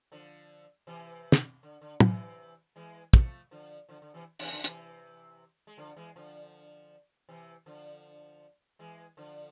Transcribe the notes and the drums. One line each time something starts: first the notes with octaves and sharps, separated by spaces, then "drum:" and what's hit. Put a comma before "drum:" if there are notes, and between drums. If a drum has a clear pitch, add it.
D3 F3
C3 E3
drum: snare
D3
D3
C3 E3, drum: tom
E3 G#3
F3 A3, drum: kick
D3 F3
D3 F3
D3
C3 E3
C3 E3, drum: open hi-hat
D3 F3
C3 E3, drum: hi-hat
G#3
D3 F3
E3 G#3
D3 F3
C3 E3
D3 F3
E3 G#3
D3 F3